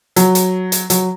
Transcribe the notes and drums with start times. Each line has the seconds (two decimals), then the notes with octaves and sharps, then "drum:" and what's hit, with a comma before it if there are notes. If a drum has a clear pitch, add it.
0.16 F#3, drum: hi-hat
0.35 drum: hi-hat
0.72 drum: hi-hat
0.90 F#3, drum: hi-hat